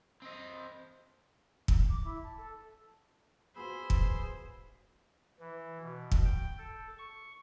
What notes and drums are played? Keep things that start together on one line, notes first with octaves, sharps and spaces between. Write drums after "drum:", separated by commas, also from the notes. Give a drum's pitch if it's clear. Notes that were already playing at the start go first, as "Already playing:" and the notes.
C4 D#5
drum: kick
D6
E4
A5
A4
B3 F4 F#4 G#4 C5 B5 E6
drum: kick
E3
B2
drum: kick
G5
A4
C#6